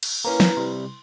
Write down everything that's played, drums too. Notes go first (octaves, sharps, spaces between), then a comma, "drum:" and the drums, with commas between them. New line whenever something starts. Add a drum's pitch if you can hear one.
drum: cymbal
A#3 C#4 E4 B4 A#5
drum: snare
C3 G3 C6